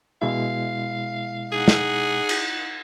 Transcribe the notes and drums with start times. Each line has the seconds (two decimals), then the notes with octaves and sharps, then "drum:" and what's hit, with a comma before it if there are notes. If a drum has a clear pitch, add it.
0.22 B2 G#3 E4 F5
1.52 D#4 G#4 F#5
1.68 drum: snare
2.29 drum: cymbal